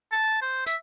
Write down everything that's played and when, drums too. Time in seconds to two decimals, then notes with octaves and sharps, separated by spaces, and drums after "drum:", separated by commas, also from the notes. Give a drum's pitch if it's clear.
0.12 A5
0.42 C5
0.67 E5, drum: tambourine